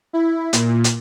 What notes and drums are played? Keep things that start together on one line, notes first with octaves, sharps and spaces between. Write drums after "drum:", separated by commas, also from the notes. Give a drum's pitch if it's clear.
E4
A#2, drum: hi-hat
drum: hi-hat